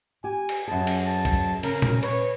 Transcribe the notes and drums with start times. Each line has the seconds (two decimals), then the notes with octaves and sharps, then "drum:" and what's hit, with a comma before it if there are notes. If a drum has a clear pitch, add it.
0.24 G4 G#5
0.49 drum: cymbal
0.68 F#2 G#4 A5
0.87 drum: cymbal
1.06 A5
1.25 drum: kick B1, cymbal
1.63 C#3 A#4, drum: cymbal
1.82 drum: tom A#2
2.03 B4 C#5, drum: cymbal